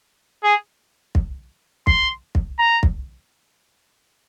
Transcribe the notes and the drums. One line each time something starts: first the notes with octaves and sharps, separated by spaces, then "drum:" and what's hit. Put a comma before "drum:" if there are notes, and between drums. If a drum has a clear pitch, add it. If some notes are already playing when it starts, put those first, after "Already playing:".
G#4
drum: kick
C6, drum: kick
drum: kick
A#5
drum: kick